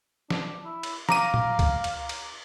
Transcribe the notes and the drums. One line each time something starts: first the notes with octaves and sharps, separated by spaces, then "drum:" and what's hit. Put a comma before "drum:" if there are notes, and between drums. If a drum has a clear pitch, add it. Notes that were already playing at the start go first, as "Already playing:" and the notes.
D4, drum: snare
E4
drum: cymbal
F5 A#5 D6 D#7, drum: snare
drum: tom A#2
drum: kick C#2, cymbal
drum: cymbal
drum: cymbal